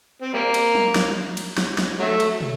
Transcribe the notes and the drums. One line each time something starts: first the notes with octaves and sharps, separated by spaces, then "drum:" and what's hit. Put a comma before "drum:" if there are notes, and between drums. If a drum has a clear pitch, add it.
C4
G3 A#3
drum: cymbal
drum: tom F#3
drum: snare
drum: cymbal
drum: snare
drum: snare
F#3 A3
drum: cymbal
drum: tom